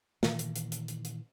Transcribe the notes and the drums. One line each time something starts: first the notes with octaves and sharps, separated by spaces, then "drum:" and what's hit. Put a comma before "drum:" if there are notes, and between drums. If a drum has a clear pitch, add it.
A#2 D#3 E3, drum: snare
drum: hi-hat
drum: hi-hat
drum: hi-hat
drum: hi-hat
drum: hi-hat